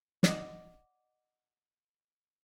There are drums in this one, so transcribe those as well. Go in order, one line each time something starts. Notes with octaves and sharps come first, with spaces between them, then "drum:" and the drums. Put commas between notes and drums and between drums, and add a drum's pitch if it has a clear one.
D5 D#5 F#5, drum: snare